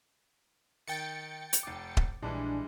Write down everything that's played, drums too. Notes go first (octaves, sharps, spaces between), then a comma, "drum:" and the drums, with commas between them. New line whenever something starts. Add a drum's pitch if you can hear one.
D#3 G5 A6 C#7
drum: hi-hat
F1 D6
drum: kick D#1
A#1 E3 G3 G#3 D4